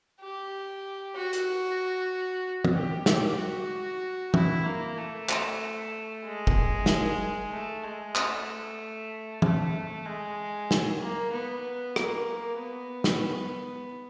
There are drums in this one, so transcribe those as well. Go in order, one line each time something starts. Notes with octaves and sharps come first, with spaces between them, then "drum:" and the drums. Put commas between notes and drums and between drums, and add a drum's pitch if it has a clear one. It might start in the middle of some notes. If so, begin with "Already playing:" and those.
G4
F#4
drum: hi-hat
drum: tom
G4
G4, drum: snare
F#4
E4, drum: tom
A#3
A3
drum: clap
G#3
drum: kick
drum: snare
A3
G#3
A3, drum: clap
A3, drum: tom
G#3
drum: snare
A#3
B3
A#3, drum: rim click
B3
drum: snare